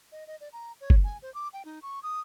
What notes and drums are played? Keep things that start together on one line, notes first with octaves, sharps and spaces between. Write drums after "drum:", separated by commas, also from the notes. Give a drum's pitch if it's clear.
D#5
D#5
D5
A#5
C#5
drum: kick F#1
G#5
C5
D6
G5
D#4
C#6
D#6